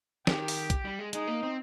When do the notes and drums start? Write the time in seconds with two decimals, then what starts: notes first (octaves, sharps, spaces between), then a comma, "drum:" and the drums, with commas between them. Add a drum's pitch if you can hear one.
0.27 D#3 G4, drum: snare
0.48 drum: open hi-hat
0.70 drum: kick, hi-hat
0.85 G3
0.99 G#3
1.13 G#3 D#4, drum: hi-hat
1.27 A#3
1.43 C4